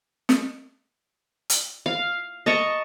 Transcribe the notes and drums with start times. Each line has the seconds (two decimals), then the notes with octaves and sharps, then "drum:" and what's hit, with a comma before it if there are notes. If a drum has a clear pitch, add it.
0.29 drum: snare
1.50 drum: hi-hat
1.86 F5
2.46 D#5 A5 A#5 C#6